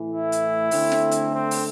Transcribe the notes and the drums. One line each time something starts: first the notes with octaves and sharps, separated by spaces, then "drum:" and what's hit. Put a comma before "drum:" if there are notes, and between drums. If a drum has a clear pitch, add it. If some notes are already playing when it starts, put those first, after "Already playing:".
Already playing: A2 E3 A3
E4
drum: hi-hat
D3 A3 C4, drum: open hi-hat
drum: snare
drum: hi-hat
C4
drum: open hi-hat